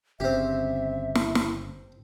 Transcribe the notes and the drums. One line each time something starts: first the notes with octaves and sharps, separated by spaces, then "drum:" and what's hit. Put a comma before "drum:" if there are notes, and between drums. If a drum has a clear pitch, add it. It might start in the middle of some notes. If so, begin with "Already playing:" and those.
G1 C#3 C4 G4 E5
drum: snare
drum: snare